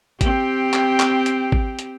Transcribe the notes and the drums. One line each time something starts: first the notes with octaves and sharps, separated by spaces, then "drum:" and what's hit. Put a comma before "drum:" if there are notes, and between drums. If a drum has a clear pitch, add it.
C4 G4, drum: kick G#1, hi-hat
drum: clap
drum: clap
drum: hi-hat
drum: kick G#1
drum: hi-hat